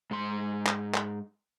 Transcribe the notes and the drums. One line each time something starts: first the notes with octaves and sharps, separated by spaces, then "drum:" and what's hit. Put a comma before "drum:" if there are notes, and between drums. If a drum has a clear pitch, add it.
G#2 C6
drum: clap
drum: clap